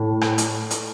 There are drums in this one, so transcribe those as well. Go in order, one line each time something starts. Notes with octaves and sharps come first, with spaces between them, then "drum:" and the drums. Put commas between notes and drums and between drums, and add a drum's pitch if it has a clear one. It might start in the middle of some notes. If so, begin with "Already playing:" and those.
Already playing: A2
drum: rim click
drum: hi-hat
drum: hi-hat